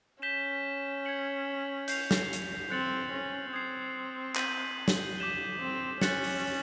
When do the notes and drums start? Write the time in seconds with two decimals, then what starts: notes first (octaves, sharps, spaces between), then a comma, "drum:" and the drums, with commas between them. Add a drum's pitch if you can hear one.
0.22 C#4 G6 B6 E7 G7
1.05 G#6 C#7 F#7
1.88 G6 C7 F7, drum: hi-hat
2.11 drum: snare
2.33 drum: hi-hat
2.70 C4 F#6 A6 C#7 F#7
3.12 C#4
3.53 C4 D#6 G#6 C7
4.36 G6 B6 D#7 F#7, drum: clap
4.88 drum: snare
5.18 D6 G6 B6 E7 G7
5.60 C4
6.01 C#4 F#6 A6 C#7 F#7, drum: snare
6.24 drum: open hi-hat